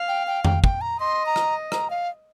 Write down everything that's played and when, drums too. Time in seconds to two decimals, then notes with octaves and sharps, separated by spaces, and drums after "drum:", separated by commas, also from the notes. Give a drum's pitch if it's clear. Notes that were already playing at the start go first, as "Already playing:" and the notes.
Already playing: F5
0.08 G5
0.27 G5
0.45 G5, drum: tom F2
0.64 G5, drum: kick
0.81 A#5
1.00 D#5 C6
1.26 A#5
1.36 drum: rim click
1.72 A#5, drum: rim click
1.90 F5